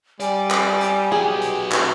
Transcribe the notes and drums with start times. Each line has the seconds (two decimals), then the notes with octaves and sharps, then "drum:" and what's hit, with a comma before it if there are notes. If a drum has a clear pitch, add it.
0.20 G3 D5 G#5, drum: hi-hat
0.50 drum: clap
0.81 drum: hi-hat
1.12 F#3 B3 G4 G#4
1.41 drum: hi-hat
1.72 drum: clap